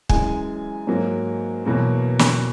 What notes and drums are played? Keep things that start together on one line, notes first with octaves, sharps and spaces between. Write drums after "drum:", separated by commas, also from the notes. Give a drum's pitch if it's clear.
F#2 E3 G#3 G#5, drum: kick
G#2 F#3 A#3
E2 B2 F#3 A#3
drum: snare